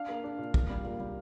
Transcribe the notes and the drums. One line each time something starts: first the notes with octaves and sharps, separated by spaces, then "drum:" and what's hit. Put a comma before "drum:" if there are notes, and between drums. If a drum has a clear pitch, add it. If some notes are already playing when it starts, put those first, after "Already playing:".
Already playing: D4 F5
A#3
D4
A#2
A#2, drum: kick
G3
A#2
G3